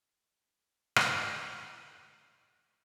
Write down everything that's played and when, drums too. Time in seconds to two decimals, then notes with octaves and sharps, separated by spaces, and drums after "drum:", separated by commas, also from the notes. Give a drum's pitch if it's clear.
0.11 B3
0.96 drum: rim click
1.84 F#3 A#3 D#4 E4